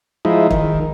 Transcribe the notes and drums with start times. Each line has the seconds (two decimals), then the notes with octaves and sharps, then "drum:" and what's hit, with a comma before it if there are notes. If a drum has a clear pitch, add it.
0.25 F3 G#3 D#4 E4
0.51 D#3, drum: kick